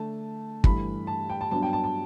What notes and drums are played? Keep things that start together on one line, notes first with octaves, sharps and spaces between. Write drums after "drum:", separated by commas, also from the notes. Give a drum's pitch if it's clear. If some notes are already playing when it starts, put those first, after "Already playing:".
Already playing: D3 A3 D4 A5
G2 E3 A3 B5, drum: kick
A5
G5
A5
G2 F#3 B3 D4 A5
G5
A5
A5